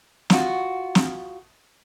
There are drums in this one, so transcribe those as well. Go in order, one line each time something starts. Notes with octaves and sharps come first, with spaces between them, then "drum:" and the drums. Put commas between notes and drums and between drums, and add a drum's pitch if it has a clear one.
F4 F#4, drum: snare
drum: snare